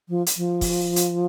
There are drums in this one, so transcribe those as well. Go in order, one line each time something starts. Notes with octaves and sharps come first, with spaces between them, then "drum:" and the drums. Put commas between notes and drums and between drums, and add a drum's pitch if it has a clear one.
F3
drum: hi-hat
F3
drum: kick, open hi-hat
drum: hi-hat